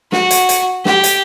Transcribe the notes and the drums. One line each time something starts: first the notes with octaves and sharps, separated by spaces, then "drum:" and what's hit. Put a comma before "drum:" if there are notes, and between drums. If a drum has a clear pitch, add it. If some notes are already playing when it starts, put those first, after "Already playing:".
F#4, drum: snare
drum: hi-hat
drum: hi-hat
G4, drum: snare
drum: hi-hat